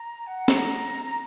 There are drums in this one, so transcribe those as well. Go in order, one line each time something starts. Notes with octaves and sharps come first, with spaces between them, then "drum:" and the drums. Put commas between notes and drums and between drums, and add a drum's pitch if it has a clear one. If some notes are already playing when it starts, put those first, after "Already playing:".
Already playing: A#5
F#5
A#5, drum: snare C4
A#5